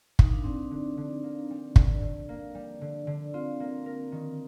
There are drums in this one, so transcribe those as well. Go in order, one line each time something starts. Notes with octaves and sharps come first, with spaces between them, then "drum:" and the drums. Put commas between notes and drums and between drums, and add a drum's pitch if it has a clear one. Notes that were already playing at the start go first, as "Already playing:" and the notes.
A#3 D#4, drum: kick
D4
G3 C4
D4
D3
D3
A#3
G3
D3, drum: kick
D3
A#3
G3
D3
D3
C4 F4
A#3
A#4
D#3